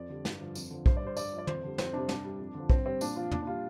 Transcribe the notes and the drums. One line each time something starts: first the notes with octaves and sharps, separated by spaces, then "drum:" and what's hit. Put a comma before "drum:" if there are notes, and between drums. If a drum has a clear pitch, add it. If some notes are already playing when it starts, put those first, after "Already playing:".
Already playing: F2 D5
D3 G3
G2, drum: snare
D3 F3
F2, drum: tambourine
D3 F3
G2 C5, drum: kick
D5
G3 C5
G2 D5, drum: tambourine
F3
D5
F2 C5, drum: tom
D3 G3
F2 C4, drum: snare
C3 G3 D4
G2 D4, drum: snare
G3
F2
D3 F3
G2 C4, drum: kick
G3 C4
A#2 D4, drum: tambourine
F3 F4
A#2 D4, drum: tom
D4
G3 F4